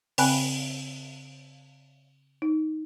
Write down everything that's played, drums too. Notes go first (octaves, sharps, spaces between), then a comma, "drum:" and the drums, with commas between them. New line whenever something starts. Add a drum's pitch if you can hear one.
C#3 C4 G5 G#5 B5 F#6, drum: open hi-hat
D#4